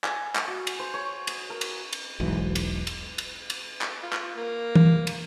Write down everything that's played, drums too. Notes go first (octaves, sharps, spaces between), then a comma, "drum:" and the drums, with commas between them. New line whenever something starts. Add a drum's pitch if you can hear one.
G#5, drum: clap
drum: clap
F#4
drum: cymbal
C5
C#5
D#5, drum: cymbal
A#4
drum: cymbal
drum: cymbal
E1 B1 G#2 E3
drum: cymbal
drum: cymbal
drum: cymbal
drum: cymbal
drum: clap
F4
drum: clap
A#3
drum: tom
drum: cymbal